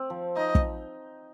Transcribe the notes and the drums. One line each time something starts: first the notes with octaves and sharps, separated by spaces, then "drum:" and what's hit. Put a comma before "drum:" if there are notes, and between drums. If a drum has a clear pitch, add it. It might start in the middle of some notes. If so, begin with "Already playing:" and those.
Already playing: C4
F3
D#4 D#5
drum: kick